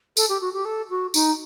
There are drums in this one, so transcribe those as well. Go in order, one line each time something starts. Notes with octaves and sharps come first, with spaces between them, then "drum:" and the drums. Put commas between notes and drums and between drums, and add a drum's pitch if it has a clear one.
A4, drum: tambourine
G4
F#4
G4
A4
F#4
D#4, drum: tambourine